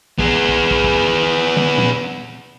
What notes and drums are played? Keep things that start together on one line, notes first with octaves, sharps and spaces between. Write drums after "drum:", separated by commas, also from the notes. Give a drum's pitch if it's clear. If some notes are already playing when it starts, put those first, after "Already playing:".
B3 G#4, drum: kick
drum: kick
drum: kick
drum: kick
drum: tom
drum: tom